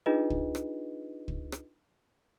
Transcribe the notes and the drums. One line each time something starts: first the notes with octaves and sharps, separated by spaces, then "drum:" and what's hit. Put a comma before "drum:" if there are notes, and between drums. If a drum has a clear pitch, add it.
D4 D#4 F4 G#4 B4 D#5
drum: kick
drum: rim click
drum: kick
drum: rim click